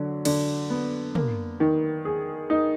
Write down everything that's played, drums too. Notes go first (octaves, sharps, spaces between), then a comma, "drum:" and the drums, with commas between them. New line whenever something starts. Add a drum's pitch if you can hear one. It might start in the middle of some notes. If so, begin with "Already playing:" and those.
Already playing: D3 F#3
D3, drum: cymbal
B3
A#3, drum: tom
D#3
G#4
D#4